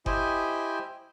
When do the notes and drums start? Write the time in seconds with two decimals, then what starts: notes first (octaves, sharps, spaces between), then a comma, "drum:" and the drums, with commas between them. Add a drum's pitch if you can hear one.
0.06 E4 G4 C5 D#5 G5 G#5, drum: kick F#1